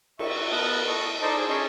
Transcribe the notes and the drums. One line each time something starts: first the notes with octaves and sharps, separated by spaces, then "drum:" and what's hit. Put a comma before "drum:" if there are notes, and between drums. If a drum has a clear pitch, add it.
E5 C#6, drum: cymbal
B3 D#5 A5 F6 F#6
A4 D#5 C#6
D#4 A4 C5 D5 D#5 A5
G#4
C#4 G#4 C#5 D#5 A5